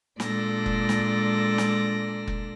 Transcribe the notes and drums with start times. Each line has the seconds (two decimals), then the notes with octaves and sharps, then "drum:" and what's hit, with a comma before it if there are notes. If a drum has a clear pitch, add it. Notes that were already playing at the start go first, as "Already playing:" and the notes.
0.20 A#2 G#3 D4 A4 D5 A#6, drum: snare
0.66 drum: kick F1
0.89 drum: snare
1.58 drum: snare
2.27 drum: kick F1